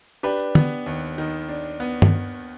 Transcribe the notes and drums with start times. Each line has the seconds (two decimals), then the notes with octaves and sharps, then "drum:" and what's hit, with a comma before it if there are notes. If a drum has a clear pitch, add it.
0.23 D4 G4 B4
0.55 B3, drum: tom
0.86 D#2
1.18 D#3
1.49 D4
1.80 B3
2.02 drum: tom G2